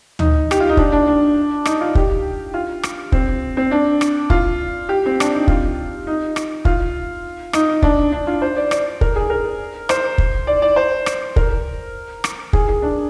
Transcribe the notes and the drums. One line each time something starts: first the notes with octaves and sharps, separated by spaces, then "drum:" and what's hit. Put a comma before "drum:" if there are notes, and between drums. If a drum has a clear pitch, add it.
D#4, drum: tom D2
G4, drum: rim click
F4
D#4
D4, drum: kick
D4
D4
D#4, drum: rim click
F4
G4, drum: kick
F4
drum: rim click
C4, drum: kick
C4
D4
drum: rim click
F4, drum: kick
G4
C4
D4, drum: rim click
D#4
F4, drum: kick
D#4
drum: rim click
F4, drum: kick
D#4, drum: rim click
D4, drum: kick
D4
F4
C5
D5
D5, drum: rim click
A#4, drum: kick
G#4
A#4
C5, drum: rim click
drum: kick
D5
D5
C5
drum: rim click
A#4, drum: kick
drum: rim click
G#4, drum: kick
G#4
D4